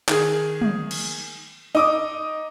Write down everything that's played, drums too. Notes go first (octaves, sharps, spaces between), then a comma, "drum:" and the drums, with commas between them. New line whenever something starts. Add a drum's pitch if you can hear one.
D#3 G#4, drum: clap
drum: tom
drum: cymbal
D#4 D6 D#6